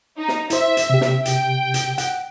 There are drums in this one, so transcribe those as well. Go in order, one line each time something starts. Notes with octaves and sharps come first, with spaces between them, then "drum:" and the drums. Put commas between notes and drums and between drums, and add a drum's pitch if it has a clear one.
D#4
drum: snare
E4 C5 E5, drum: hi-hat
drum: hi-hat
C3 G4
drum: snare
G5, drum: hi-hat
drum: hi-hat
F#5, drum: hi-hat